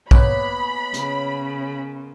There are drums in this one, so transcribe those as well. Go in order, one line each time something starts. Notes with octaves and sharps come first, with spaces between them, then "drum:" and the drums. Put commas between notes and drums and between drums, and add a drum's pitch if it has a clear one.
G#3 A#3 B3 C#5 B5, drum: kick A#1
C#3, drum: hi-hat